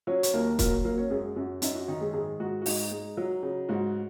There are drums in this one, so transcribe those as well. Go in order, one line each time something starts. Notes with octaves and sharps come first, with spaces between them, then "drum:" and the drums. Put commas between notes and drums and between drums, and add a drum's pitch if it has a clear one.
F#3 C#4 C#5
C#5, drum: hi-hat
D#2 A#3 A#4
F#3 A#3 A#4, drum: kick, hi-hat
F#3 A#3 A#4
C#4 C#5
F#2 G#3 G#4
F#2 F#4
F#2 D#4, drum: hi-hat
F#4
D#3 D#4
G#3 G#4
G#2 G#3 G#4
G#2 F#4
F#4
G#2 D#4, drum: open hi-hat
G#3
F#3
C#3
G#2 F#4